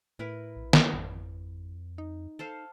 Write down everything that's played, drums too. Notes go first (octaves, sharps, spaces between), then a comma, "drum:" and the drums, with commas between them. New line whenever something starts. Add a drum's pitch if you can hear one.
A2 E4 A#4 B4
A#1
drum: snare A#3
G#1 F2
D#4
A4 C5 F5